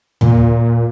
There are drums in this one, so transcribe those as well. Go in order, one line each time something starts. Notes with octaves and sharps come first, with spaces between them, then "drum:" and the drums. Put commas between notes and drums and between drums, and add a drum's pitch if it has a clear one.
A#2, drum: tom D#2